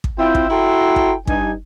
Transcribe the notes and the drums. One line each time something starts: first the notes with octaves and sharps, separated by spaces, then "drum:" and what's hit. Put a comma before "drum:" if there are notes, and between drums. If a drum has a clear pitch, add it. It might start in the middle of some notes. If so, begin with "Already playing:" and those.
drum: kick
C4 E4 F4 E5 G5
drum: kick
E4 F#4 A4 G5 A#5 C6
drum: kick
G2 D#4 G#5, drum: kick